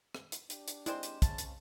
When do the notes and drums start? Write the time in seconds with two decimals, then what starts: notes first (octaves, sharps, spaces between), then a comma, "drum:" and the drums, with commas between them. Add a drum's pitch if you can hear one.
0.15 drum: rim click
0.32 drum: hi-hat
0.50 D4 G4, drum: hi-hat
0.68 drum: hi-hat
0.86 G#3 C4 E4 C5 D5, drum: hi-hat
1.03 drum: hi-hat
1.22 C#3 A5, drum: kick, hi-hat
1.38 drum: hi-hat